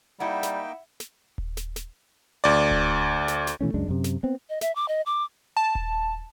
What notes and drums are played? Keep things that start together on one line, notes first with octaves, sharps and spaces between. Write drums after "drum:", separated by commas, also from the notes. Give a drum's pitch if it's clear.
G3 A#3 D#4 E4 E5 F#5 G5
drum: snare
drum: snare
drum: kick D#1
drum: snare
drum: snare
D2 D5
drum: kick D#1
drum: snare
drum: snare
B2 E3 A3 C#4
C#2 F#2 G#3 D4
F#2 C3
drum: snare
B3 C4
D#5
E5, drum: snare
D6
D#5
D6
A5
drum: kick D#1